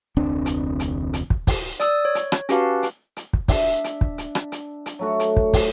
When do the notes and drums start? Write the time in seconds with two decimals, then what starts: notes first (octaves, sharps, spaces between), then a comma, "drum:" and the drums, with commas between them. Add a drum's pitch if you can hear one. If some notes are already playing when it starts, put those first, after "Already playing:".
0.16 F1 D2 C4 D4
0.46 drum: hi-hat
0.80 drum: hi-hat
1.13 drum: hi-hat
1.30 drum: kick
1.47 drum: kick, open hi-hat
1.80 D5 D#6 E6, drum: hi-hat
2.05 C#5
2.15 drum: hi-hat
2.32 drum: rim click
2.49 C#4 F#4 G4 B4 F5 A5, drum: hi-hat
2.83 drum: hi-hat
3.17 drum: hi-hat
3.33 drum: kick
3.48 D4 E5, drum: kick, open hi-hat
3.84 drum: hi-hat
4.01 drum: kick
4.18 drum: hi-hat
4.35 drum: rim click
4.52 drum: hi-hat
4.86 drum: hi-hat
4.99 F#3 A3 F#4
5.20 drum: hi-hat
5.37 drum: kick
5.53 drum: kick, open hi-hat